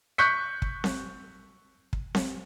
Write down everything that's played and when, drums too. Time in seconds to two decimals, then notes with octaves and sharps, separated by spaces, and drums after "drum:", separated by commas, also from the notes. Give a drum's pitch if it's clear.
0.18 C#6 F#6 G6 B6 C#7
0.62 drum: kick
0.84 drum: snare C4
1.93 drum: kick
2.15 drum: snare C4